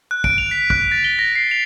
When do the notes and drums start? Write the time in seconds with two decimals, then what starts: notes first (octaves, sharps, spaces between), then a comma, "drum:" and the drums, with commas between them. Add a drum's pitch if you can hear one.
0.11 F#6
0.24 D7, drum: kick
0.38 F7
0.51 B6
0.70 F#6, drum: kick
0.92 A6
1.04 G7
1.19 A#6
1.35 C7
1.51 F7